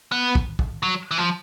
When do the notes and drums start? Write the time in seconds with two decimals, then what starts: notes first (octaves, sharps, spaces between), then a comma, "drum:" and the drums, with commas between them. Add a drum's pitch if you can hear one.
0.12 B3
0.35 drum: kick
0.59 drum: kick
0.83 F#3
1.11 E3
1.18 F3